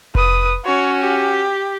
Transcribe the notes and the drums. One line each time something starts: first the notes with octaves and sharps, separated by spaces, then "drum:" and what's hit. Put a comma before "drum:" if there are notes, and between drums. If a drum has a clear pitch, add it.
B4 D#6, drum: kick F1
C#4 F#4 C#5
G4